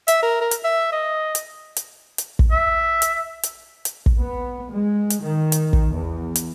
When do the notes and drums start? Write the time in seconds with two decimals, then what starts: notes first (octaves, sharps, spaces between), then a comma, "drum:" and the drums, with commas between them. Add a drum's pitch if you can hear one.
0.08 E5, drum: hi-hat
0.23 A#4
0.41 A#4
0.51 drum: hi-hat
0.64 E5
0.92 D#5
1.35 drum: hi-hat
1.77 drum: hi-hat
2.18 drum: hi-hat
2.39 drum: kick
2.51 E5
3.02 drum: hi-hat
3.43 drum: hi-hat
3.85 drum: hi-hat
4.06 drum: kick
4.17 B3
4.72 G#3
5.10 drum: hi-hat
5.24 D#3
5.52 drum: hi-hat
5.73 drum: kick
5.94 E2
6.36 drum: hi-hat